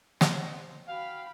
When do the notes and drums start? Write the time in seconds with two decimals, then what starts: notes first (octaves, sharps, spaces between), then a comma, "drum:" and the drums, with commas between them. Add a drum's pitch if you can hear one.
0.21 C5, drum: snare
0.88 F#4 F5 G5 B5